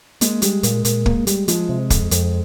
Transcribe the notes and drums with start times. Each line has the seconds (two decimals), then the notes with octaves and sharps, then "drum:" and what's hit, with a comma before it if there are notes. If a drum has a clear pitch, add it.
0.21 G#3 A#3, drum: hi-hat
0.42 G3 G#3, drum: hi-hat
0.63 A#2, drum: hi-hat
0.85 A#2, drum: hi-hat
1.06 A#3, drum: kick
1.27 G3, drum: hi-hat
1.48 F3 G#3, drum: hi-hat
1.69 C3
1.90 F2, drum: kick, hi-hat
2.11 F2, drum: hi-hat